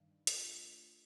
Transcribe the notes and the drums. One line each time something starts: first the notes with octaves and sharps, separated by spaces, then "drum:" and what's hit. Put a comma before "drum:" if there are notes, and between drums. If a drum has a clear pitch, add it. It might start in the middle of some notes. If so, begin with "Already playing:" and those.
Already playing: G2 D#3
A3 D4 F4, drum: hi-hat